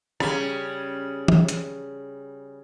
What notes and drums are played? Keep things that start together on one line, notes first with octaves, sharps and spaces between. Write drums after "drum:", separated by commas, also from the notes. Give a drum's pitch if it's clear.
C#3 G3, drum: rim click
drum: tom
drum: hi-hat